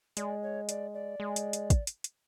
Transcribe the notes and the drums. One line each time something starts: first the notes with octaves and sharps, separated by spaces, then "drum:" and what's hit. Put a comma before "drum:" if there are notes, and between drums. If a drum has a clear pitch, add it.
G#3 D5, drum: hi-hat
C#5
D5, drum: hi-hat
D5
G#3
drum: hi-hat
drum: hi-hat
drum: kick, hi-hat
drum: hi-hat
drum: hi-hat